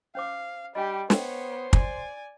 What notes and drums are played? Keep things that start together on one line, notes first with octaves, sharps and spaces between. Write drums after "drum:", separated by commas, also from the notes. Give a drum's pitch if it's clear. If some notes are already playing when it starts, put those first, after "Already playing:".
C#4 C5 F5 D6
G3 D4 G4 D#5
B3 C5 C#5 G5, drum: snare
D5 G#5, drum: kick